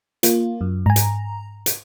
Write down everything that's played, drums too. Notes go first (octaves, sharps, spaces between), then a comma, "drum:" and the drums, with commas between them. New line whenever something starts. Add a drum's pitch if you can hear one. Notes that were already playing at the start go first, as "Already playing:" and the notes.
A#3 F4, drum: hi-hat
F#2
G#2 G#5 A#5
drum: hi-hat
drum: hi-hat